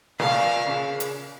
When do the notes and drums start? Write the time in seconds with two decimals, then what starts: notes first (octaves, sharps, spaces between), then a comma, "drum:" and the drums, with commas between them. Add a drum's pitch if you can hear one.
0.20 A#2 F5, drum: snare
0.67 C#3
1.00 drum: hi-hat